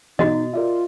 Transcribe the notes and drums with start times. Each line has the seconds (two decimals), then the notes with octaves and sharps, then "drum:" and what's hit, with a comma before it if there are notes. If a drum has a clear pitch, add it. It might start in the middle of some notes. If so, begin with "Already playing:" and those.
0.19 B2 D#4 F#4 D#5, drum: tom E3
0.53 F4 A#4 D5 E5